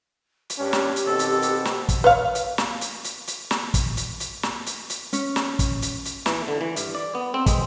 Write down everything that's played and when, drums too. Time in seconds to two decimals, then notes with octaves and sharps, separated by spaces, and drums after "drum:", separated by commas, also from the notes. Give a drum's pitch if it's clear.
0.50 drum: hi-hat
0.59 G2 C#4 G4
0.73 drum: snare
0.96 drum: hi-hat
1.07 B2 D#3 C4 A4
1.19 drum: hi-hat
1.42 drum: hi-hat
1.65 drum: snare
1.89 drum: kick, hi-hat
2.04 B4 C#5 F5
2.35 drum: hi-hat
2.58 drum: snare
2.81 drum: hi-hat
3.04 drum: hi-hat
3.27 drum: hi-hat
3.51 drum: snare
3.74 drum: kick, hi-hat
3.97 drum: hi-hat
4.20 drum: hi-hat
4.43 drum: snare
4.66 drum: hi-hat
4.90 drum: hi-hat
5.13 C#4, drum: hi-hat
5.36 drum: snare
5.59 drum: kick, hi-hat
5.82 drum: hi-hat
6.05 drum: hi-hat
6.26 E3, drum: snare
6.48 D3
6.61 E3
6.76 G2, drum: hi-hat
6.95 D5
7.15 B3
7.34 C4
7.46 G#3, drum: kick, hi-hat